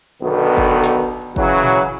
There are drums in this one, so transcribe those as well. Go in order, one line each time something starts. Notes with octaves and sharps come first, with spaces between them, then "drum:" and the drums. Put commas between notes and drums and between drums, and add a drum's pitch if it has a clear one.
B1 D3 D#3 B3
drum: kick F#1
drum: snare
C#3 E3 F#3, drum: kick F#1
drum: tom A#2